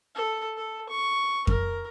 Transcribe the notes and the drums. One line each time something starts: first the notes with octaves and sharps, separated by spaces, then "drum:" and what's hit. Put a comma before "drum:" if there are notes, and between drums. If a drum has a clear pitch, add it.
A4
A4
C#6
A#4, drum: kick F2